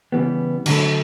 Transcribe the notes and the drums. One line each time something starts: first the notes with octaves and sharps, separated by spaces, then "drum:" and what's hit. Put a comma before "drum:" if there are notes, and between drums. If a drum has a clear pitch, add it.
C#3 E3 G3 B3
D3 F#3 A3, drum: cymbal